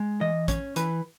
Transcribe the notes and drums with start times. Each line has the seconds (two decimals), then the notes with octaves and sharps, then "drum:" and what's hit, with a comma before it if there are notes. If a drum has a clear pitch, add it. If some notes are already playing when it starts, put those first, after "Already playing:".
Already playing: G#3
0.21 E3 D#5
0.48 C#4 C#5, drum: kick, hi-hat
0.76 E3 B4, drum: hi-hat